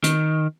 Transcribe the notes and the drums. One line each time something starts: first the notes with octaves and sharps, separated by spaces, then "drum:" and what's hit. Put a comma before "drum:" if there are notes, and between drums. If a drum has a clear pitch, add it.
D#3, drum: hi-hat